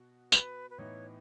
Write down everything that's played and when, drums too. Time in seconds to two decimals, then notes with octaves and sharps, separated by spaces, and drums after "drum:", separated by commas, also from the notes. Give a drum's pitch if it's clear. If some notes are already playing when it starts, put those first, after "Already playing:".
Already playing: B2 F#4
0.32 B4, drum: tambourine
0.70 B4
0.78 A2 E3 B3 D#4 C#5